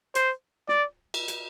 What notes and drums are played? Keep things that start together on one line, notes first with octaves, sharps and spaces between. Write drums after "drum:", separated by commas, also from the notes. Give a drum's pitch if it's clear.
C5, drum: hi-hat
D5, drum: snare
drum: cymbal
drum: hi-hat